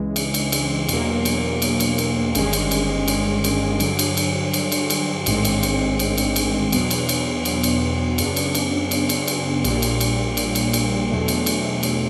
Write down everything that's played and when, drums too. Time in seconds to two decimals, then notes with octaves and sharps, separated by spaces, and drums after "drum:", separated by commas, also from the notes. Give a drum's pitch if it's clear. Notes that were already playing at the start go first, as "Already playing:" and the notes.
Already playing: C#2 C#3 E3 G#3
0.16 drum: cymbal
0.34 drum: cymbal
0.52 drum: cymbal
0.89 E2 B2 F#3 A#3, drum: cymbal
1.25 drum: cymbal
1.62 drum: cymbal
1.80 drum: cymbal
1.98 drum: cymbal
2.35 G1 G2 D#3 G#3 C#4, drum: cymbal
2.53 drum: cymbal
2.71 drum: cymbal
3.08 drum: cymbal
3.44 drum: cymbal
3.80 G2 D3 F#3, drum: cymbal
3.99 drum: cymbal
4.17 drum: cymbal
4.53 drum: cymbal
4.72 drum: cymbal
4.90 drum: cymbal
5.26 A1 G#2 D#3 G#3 C4, drum: cymbal
5.45 drum: cymbal
5.63 drum: cymbal
5.99 drum: cymbal
6.18 drum: cymbal
6.36 drum: cymbal
6.72 E2 B2 F#3 B3, drum: cymbal
6.91 drum: cymbal
7.09 drum: cymbal
7.45 drum: cymbal
7.63 drum: cymbal
8.18 F#2 C#3 F#3 B3 D4, drum: cymbal
8.36 drum: cymbal
8.55 drum: cymbal
8.91 drum: cymbal
9.09 drum: cymbal
9.28 drum: cymbal
9.64 A#1 A#2 G3, drum: cymbal
9.82 drum: cymbal
10.00 drum: cymbal
10.37 drum: cymbal
10.55 drum: cymbal
10.73 drum: cymbal
11.10 E2 B2 F#3 A3
11.28 drum: cymbal
11.46 drum: cymbal
11.83 drum: cymbal